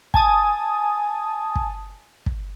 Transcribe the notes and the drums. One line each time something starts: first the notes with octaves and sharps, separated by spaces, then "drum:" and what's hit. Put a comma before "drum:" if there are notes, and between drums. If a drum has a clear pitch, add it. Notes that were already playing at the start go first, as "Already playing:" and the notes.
G#5 A5 D#6, drum: kick
drum: kick
drum: kick